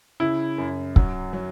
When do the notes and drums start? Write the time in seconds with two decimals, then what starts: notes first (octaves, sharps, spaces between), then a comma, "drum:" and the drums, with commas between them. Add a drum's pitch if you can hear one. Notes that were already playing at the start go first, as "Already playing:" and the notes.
0.20 C#3 E4
0.58 F#2
0.96 F#3, drum: kick
1.33 F#3